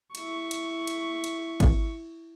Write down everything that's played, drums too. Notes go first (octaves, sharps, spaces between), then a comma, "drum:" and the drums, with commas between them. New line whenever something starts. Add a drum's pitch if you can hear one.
E4 C#6, drum: cymbal
drum: cymbal
drum: cymbal
drum: cymbal
drum: kick G#1, cymbal